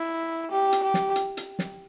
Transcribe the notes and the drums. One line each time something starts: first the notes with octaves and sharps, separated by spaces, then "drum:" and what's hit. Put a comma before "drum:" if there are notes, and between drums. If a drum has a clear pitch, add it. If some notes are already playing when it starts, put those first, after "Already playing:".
Already playing: E4
G4
drum: hi-hat
G4
drum: snare
drum: hi-hat
drum: hi-hat
drum: snare